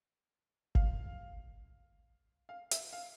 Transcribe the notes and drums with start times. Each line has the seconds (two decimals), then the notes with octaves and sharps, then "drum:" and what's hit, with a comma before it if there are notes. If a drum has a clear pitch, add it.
0.75 F5, drum: kick G1
2.49 F5
2.71 E5, drum: hi-hat
2.93 F5